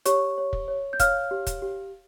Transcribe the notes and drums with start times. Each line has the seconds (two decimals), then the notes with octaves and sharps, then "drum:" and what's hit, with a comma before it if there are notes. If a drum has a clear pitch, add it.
0.06 G4 C#5 C#6, drum: hi-hat
0.38 C#5
0.53 drum: kick
0.68 C#5
0.93 G6
1.00 C#5 F5 F6, drum: kick, hi-hat
1.31 G4
1.47 drum: kick, hi-hat
1.62 G4